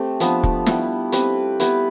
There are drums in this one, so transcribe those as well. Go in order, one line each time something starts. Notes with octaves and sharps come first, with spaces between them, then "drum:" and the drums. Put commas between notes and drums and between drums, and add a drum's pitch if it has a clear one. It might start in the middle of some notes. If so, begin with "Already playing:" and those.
Already playing: A3 C4 G4
F3 B3 D4, drum: hi-hat
drum: kick
G3 B3 E4, drum: snare
C4 G4 B4, drum: hi-hat
B3 E4 G4 B4, drum: hi-hat